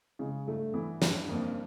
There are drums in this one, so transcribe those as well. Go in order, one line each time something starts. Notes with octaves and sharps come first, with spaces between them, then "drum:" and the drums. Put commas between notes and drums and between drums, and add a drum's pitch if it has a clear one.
C#3 G#3
G2 A3
E3 B3
G2 B3, drum: snare
F2 A#3